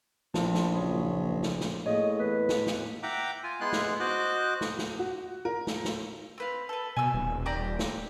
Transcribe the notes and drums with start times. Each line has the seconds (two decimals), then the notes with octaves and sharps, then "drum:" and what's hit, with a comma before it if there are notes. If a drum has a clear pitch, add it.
0.34 A#1 F3 E4 F4 A5, drum: snare
0.55 drum: snare
0.75 F#1 C#5 D#6
1.43 drum: snare
1.61 drum: snare
1.86 A2 A#3 G#4 C#5 D#5
2.19 E2 A#3 B4 D#5
2.49 drum: snare
2.67 drum: snare
3.03 E5 F#5 G5 A#5 D6
3.43 F4 G#5
3.60 G#3 B3 E4 C6 F#6
3.73 drum: snare
4.00 F#4 C5 D#5 D6 F#6
4.61 drum: snare
4.79 drum: snare
4.99 F#4
5.45 A#4
5.67 drum: snare
5.85 drum: snare
6.38 C4 B4 F5
6.69 A4 B4
6.96 B2 G#5 E6
7.14 D#1
7.46 G4 D5 A#5
7.79 drum: snare